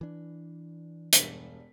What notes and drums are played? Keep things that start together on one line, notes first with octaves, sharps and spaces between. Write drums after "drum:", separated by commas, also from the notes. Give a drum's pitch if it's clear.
E3 D4
E1 G2 B6, drum: hi-hat